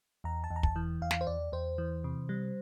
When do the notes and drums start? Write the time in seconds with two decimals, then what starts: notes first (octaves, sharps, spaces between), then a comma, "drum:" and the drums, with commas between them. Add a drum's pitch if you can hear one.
0.24 E2 A#5
0.44 A5
0.50 E2
0.56 A#5
0.63 A5, drum: kick
0.76 E3
1.01 E2 F5
1.11 drum: snare
1.21 C5
1.27 E2 D5
1.52 E2 C5
1.78 E3
2.04 C3
2.29 G3